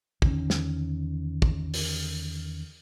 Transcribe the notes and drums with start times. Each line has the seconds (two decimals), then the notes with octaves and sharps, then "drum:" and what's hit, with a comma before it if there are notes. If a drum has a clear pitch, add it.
0.22 E2 D3 D#3 C#4, drum: kick
0.50 drum: snare
1.42 drum: kick
1.74 drum: open hi-hat